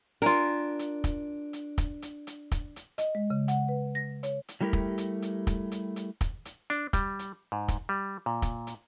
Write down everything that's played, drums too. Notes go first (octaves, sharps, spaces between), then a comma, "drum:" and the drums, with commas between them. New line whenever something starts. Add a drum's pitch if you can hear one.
D4 F4 A#4 G#5
drum: hi-hat
drum: kick, hi-hat
drum: hi-hat
drum: kick, hi-hat
drum: hi-hat
drum: hi-hat
drum: kick, hi-hat
drum: hi-hat
D#5, drum: hi-hat
G#3
C#3
F#5, drum: hi-hat
B4
A#6
C#5, drum: hi-hat
drum: hi-hat
F#3 G3 A3 E4 G4 A#4
drum: kick
drum: hi-hat
drum: hi-hat
drum: kick, hi-hat
drum: hi-hat
drum: hi-hat
drum: kick, hi-hat
drum: hi-hat
D4, drum: hi-hat
G3, drum: kick, hi-hat
drum: hi-hat
G#2
drum: kick, hi-hat
G3
A#2
drum: kick, hi-hat
drum: hi-hat